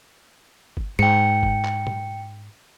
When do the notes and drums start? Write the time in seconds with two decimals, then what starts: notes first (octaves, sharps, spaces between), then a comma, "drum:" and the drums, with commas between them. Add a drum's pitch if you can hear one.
0.77 drum: kick G1
0.99 G#2 G5 C#7
1.43 drum: kick G1
1.65 drum: clap
1.87 drum: tom